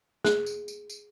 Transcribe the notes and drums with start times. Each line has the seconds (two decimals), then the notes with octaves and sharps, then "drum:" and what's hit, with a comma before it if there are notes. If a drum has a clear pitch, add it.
0.24 G#4, drum: snare
0.46 drum: tambourine
0.68 drum: tambourine
0.90 drum: tambourine